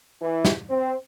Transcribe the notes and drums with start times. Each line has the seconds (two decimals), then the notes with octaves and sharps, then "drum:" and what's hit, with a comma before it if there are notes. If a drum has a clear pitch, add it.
0.22 E3
0.45 drum: snare
0.70 C4